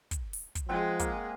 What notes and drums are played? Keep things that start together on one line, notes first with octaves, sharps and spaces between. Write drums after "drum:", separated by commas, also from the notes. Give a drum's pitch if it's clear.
drum: kick, hi-hat
drum: open hi-hat
drum: kick, hi-hat
F3 G#3 C4 G#4 F#5 G#5
A#3, drum: kick, hi-hat